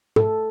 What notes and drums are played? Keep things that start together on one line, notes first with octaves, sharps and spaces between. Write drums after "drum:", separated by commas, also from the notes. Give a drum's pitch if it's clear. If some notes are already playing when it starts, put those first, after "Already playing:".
A4, drum: tom G#2